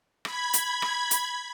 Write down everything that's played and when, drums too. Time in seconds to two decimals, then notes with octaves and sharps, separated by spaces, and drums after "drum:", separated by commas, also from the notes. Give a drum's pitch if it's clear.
0.25 B5 G#6, drum: rim click
0.53 drum: hi-hat
0.82 drum: rim click
1.11 drum: hi-hat